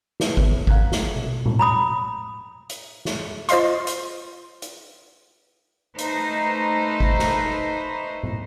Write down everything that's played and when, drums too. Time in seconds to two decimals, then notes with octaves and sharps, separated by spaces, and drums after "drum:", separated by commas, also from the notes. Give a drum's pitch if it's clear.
0.20 E4 B4 C#5, drum: snare
0.37 D3 B3 B4, drum: kick G#1
0.67 F5 F#5 A#5 F#6 G#6 B6, drum: kick G#1
0.92 drum: snare
1.16 drum: tom B2
1.46 drum: tom A2
1.59 A#5 B5 D#6
2.70 drum: hi-hat
3.05 drum: snare
3.49 F4 C5 D#5 F5 C6, drum: hi-hat
3.87 drum: hi-hat
4.62 drum: hi-hat
5.98 A3 D#4 B4 C5, drum: hi-hat
7.00 drum: kick G#1
7.19 drum: snare
8.23 drum: tom